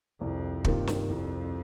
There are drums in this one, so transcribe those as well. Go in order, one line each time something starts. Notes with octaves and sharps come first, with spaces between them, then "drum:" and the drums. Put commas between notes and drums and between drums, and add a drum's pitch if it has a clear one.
C2 F2
G2 C3 D#3 A#3 F4, drum: kick
drum: snare
C2 F2